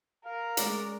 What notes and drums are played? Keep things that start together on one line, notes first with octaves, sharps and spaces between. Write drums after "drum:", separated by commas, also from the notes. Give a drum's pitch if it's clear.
A#4 F5
G#3 C#4 D5, drum: hi-hat